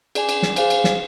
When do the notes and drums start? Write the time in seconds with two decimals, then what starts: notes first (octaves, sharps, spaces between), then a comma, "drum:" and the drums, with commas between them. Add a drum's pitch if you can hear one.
0.15 G#4 D5 G#5, drum: cymbal
0.29 drum: cymbal
0.43 drum: snare
0.56 G#4 C5 F5 G#5, drum: cymbal
0.70 drum: cymbal
0.84 drum: snare